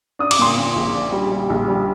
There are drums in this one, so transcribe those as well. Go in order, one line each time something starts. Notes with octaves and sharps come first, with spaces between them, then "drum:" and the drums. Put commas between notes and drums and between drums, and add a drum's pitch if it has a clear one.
D4 D#6
D6, drum: cymbal
A#2 C6 D#6
A#2
A#1
D4
G3
G3
A#1
G3